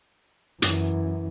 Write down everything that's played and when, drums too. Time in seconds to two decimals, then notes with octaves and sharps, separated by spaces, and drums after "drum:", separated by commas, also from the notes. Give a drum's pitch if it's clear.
0.62 F#2 E3, drum: hi-hat